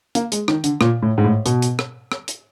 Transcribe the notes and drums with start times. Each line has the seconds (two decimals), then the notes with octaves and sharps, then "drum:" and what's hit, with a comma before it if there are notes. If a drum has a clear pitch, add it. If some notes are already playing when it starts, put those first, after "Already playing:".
0.15 A#3, drum: hi-hat
0.32 G#3, drum: hi-hat
0.48 D#3, drum: rim click
0.64 D3, drum: hi-hat
0.81 A#2, drum: rim click
1.02 A2
1.18 G#2
1.24 A2
1.46 B2, drum: hi-hat
1.62 drum: hi-hat
1.79 drum: rim click
2.12 drum: rim click
2.28 drum: hi-hat